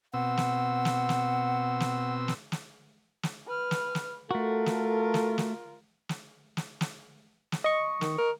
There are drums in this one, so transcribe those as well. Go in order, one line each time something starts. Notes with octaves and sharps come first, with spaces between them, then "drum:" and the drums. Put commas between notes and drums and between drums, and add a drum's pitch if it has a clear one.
B2 C4 F#5 E6
drum: snare
drum: snare
drum: snare
drum: snare
drum: snare
drum: snare
drum: snare
B4 F6
drum: snare
drum: snare
A3 F4 F#4 A4 A#4
drum: snare
drum: snare
drum: snare
drum: snare
drum: snare
drum: snare
drum: snare
D#5 C#6
D#3, drum: snare
A#4